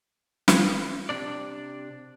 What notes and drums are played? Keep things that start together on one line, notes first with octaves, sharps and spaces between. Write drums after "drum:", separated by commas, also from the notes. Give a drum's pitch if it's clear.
drum: snare
C3 D4 D5